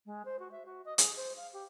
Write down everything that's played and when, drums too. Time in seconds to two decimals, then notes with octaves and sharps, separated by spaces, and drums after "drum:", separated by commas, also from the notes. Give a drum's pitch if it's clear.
0.06 G#3
0.25 C5
0.39 F#4
0.51 E5
0.65 F#4
0.85 D#5
0.98 G#4, drum: hi-hat
1.16 C5
1.37 F5
1.53 G4